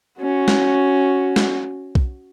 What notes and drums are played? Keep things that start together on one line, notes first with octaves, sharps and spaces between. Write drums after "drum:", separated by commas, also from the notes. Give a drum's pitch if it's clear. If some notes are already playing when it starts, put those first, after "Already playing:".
C#4 F#4
drum: snare
drum: snare
drum: kick